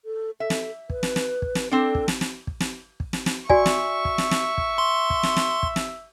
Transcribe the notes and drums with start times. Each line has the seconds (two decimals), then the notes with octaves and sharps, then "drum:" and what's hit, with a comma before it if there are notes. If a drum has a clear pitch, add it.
0.05 A4
0.40 A4 E5
0.50 drum: snare
0.90 B4, drum: kick
1.03 drum: snare
1.16 drum: snare
1.42 drum: kick
1.55 drum: snare
1.71 C4 D4 A4
1.95 drum: kick
2.08 drum: snare
2.21 drum: snare
2.47 drum: kick
2.60 drum: snare
3.00 drum: kick
3.13 drum: snare
3.26 drum: snare
3.50 F#4 D5 E5 G#5 C#6, drum: kick
3.66 drum: snare
4.05 drum: kick
4.18 drum: snare
4.31 drum: snare
4.58 drum: kick
4.78 C6
5.10 drum: kick
5.23 drum: snare
5.36 drum: snare
5.63 drum: kick
5.76 drum: snare